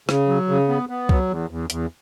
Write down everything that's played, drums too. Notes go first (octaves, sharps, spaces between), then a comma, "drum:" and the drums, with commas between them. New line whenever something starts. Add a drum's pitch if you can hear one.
C#3, drum: rim click
F#3
C#3
B3
B3
F#3, drum: kick C2
E2
E2
E2, drum: hi-hat